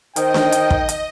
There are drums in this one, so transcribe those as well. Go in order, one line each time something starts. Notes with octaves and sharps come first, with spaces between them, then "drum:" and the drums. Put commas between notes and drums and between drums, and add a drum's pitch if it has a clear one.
D#3 C5 D#5 G5, drum: hi-hat
drum: snare D4
drum: hi-hat
drum: kick
drum: hi-hat